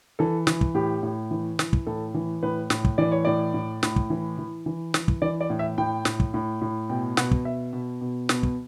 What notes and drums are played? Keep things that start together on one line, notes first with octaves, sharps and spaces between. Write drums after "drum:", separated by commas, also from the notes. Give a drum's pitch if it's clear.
E3 A4
E3, drum: snare
drum: kick
A2 G4
A2
E3
E3, drum: snare
drum: kick
A2 A4
E3
A2 B4
A2, drum: snare
drum: kick
E3 D5
C#5
A2 D5
A2
A2, drum: snare
drum: kick
E3
E3
E3
E3, drum: snare
drum: kick
E3 D5
D5
A2
E5
A2 G5
A2, drum: snare
drum: kick
A2
A2
B2 G5
B2 F#5, drum: snare
drum: kick
B2 E5
B2
B2
B2, drum: snare
drum: kick